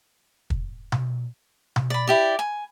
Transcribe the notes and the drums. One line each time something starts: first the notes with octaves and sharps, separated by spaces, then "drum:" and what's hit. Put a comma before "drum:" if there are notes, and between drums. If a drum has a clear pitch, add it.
drum: kick
drum: tom B2
drum: tom B2
D5 B5
E4 G4 D5
G#5